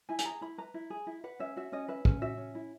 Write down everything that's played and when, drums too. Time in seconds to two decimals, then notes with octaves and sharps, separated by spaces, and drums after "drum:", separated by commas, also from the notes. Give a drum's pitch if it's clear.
0.09 E4 G#5
0.19 G#5, drum: hi-hat
0.25 G#4 A#5
0.41 E4 B5
0.58 B4 A#5
0.74 E4
0.90 G#4
1.07 E4
1.24 B4 F#5
1.39 C#4 E5
1.56 F#4 E5
1.72 C#4 D#5
1.88 B4 E5
2.05 C#4, drum: kick
2.21 F#4 E5
2.37 C#4
2.55 E4